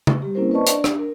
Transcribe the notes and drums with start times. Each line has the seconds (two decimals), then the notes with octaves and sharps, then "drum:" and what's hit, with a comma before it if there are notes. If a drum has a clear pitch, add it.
0.07 drum: tom C#3
0.22 G3 G4
0.35 A#3 C4 C#4 E4 A#4 C5
0.51 B4 C5 D5 D#5 A5 C#6
0.66 D4 D5, drum: hi-hat
0.84 D4, drum: rim click
0.98 A#4